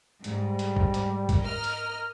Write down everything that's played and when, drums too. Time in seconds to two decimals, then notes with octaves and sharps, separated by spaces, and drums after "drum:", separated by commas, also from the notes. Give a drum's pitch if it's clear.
0.24 G#2 G3, drum: hi-hat
0.59 drum: hi-hat
0.77 drum: kick
0.94 drum: hi-hat
1.29 drum: kick, hi-hat
1.41 A#4 D#5 F6
1.64 drum: hi-hat